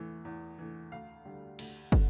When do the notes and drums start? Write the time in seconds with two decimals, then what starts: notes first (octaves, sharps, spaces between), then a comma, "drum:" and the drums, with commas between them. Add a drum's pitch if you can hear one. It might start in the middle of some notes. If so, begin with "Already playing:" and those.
Already playing: E2 E3 A3
0.25 E2
0.59 E3 A3
0.92 D2 F5
1.25 D3 G3
1.59 D2, drum: cymbal
1.92 D3, drum: kick